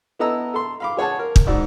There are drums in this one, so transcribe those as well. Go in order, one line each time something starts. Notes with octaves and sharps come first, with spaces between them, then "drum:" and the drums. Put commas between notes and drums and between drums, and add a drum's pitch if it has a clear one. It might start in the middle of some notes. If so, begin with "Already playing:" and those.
B3 E4 A4 D#5 A#5 E6
A4 C6
F5 B5 D6
G#4 C#5 F#5 A5
A#4
drum: kick
G#2 F#4 D5 E6